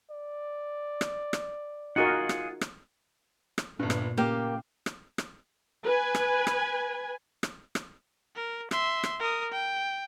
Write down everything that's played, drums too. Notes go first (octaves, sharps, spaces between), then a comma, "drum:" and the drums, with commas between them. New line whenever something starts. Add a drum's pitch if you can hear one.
D5
drum: rim click
drum: rim click
D#4 F4 F#4 G#4 A#4 F#5
drum: rim click
drum: rim click
drum: rim click
G1 G2 A#2
drum: rim click
C#3 A#3 G4 F5 G5
drum: rim click
drum: rim click
B4 G#5
drum: rim click
drum: rim click
drum: rim click
drum: rim click
A#4
E5 C6, drum: rim click
drum: rim click
A#4 D#6
G5